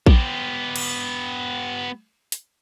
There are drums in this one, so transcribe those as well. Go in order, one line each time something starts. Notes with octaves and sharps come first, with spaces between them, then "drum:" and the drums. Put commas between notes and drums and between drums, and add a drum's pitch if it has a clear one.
B3 G4, drum: kick A#1
drum: cymbal
drum: hi-hat